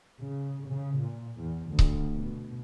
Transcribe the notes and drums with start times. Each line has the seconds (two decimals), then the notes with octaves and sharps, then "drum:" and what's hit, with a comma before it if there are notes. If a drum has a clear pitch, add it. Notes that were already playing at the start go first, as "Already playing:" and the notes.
0.19 C#3
0.66 C#3
0.98 A#2
1.39 E2
1.68 D2
1.79 drum: kick C#1
2.16 B2